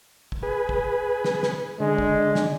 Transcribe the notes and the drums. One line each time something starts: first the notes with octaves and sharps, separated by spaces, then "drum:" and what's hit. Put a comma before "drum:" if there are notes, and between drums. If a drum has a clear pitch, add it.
drum: kick
G#4 B4
drum: kick
drum: snare
drum: snare
D3 G#3
drum: kick
drum: snare